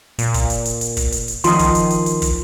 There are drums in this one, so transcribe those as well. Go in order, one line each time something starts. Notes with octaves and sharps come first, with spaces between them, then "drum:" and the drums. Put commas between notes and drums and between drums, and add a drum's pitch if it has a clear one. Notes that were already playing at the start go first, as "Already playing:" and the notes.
A#2, drum: hi-hat
drum: kick, hi-hat
drum: hi-hat
drum: hi-hat
drum: hi-hat
drum: kick, hi-hat
drum: hi-hat
drum: hi-hat
D#3 F3 C6 D#6, drum: hi-hat
drum: kick, hi-hat
drum: hi-hat
drum: hi-hat
drum: hi-hat
drum: kick, hi-hat